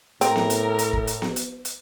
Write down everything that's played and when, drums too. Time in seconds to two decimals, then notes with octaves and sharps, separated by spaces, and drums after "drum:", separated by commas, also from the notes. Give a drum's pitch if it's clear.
0.21 A2 C4 A#4, drum: hi-hat
0.36 drum: snare B3
0.50 drum: hi-hat
0.79 drum: hi-hat
0.93 drum: kick
1.07 drum: hi-hat
1.22 drum: snare B3
1.36 drum: hi-hat
1.65 drum: hi-hat